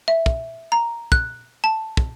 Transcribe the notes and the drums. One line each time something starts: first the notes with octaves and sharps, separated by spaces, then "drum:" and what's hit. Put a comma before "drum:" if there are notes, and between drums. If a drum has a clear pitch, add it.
E5
drum: kick
A#5
F#6, drum: kick
A5
drum: kick